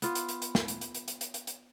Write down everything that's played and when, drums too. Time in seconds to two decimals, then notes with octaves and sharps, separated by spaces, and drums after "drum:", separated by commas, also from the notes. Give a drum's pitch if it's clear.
0.02 B3 F4, drum: hi-hat
0.15 drum: hi-hat
0.29 drum: hi-hat
0.42 drum: hi-hat
0.55 drum: snare
0.68 drum: hi-hat
0.81 drum: hi-hat
0.94 drum: hi-hat
1.08 drum: hi-hat
1.21 drum: hi-hat
1.34 drum: hi-hat
1.47 drum: hi-hat